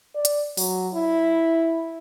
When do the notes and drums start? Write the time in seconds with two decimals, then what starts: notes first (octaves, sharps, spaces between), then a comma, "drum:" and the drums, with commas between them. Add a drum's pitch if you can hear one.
0.15 D5
0.25 drum: hi-hat
0.57 F#3, drum: open hi-hat
0.94 E4